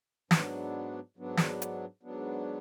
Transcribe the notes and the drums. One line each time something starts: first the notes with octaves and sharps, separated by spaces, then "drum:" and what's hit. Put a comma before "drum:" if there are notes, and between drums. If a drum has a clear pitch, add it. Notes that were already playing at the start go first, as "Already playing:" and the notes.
G#2 F#3 B3 D4, drum: snare
G#2 F#3 B3 D4
drum: snare
drum: hi-hat
G#2 F#3 B3 D4